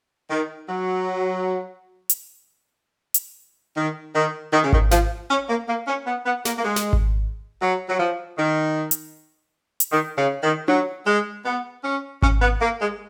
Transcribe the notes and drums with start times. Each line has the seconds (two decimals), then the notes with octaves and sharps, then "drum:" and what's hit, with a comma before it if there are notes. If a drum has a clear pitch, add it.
0.30 D#3
0.68 F#3
2.09 drum: hi-hat
3.14 drum: hi-hat
3.76 D#3
4.14 D#3
4.53 D#3
4.64 C#3
4.73 D#3, drum: kick G#1
4.91 F3, drum: snare
5.30 C#4
5.49 A#3
5.68 A#3
5.87 C#4
6.06 B3
6.26 B3
6.45 A#3, drum: snare
6.58 A#3
6.64 G#3
6.76 drum: snare
6.93 drum: kick G#1
7.61 F#3
7.88 F#3
7.99 F3
8.38 D#3
8.91 drum: hi-hat
9.80 drum: hi-hat
9.92 D#3
10.18 C#3
10.43 D#3
10.68 F#3, drum: tom D4
11.07 G#3
11.45 B3
11.84 C#4
12.22 C#4, drum: kick G#1
12.42 B3
12.61 A#3
12.81 G#3